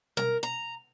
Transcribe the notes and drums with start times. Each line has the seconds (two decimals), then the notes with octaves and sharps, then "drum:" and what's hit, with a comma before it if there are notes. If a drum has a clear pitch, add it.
0.17 A#4, drum: tom B2
0.43 A#5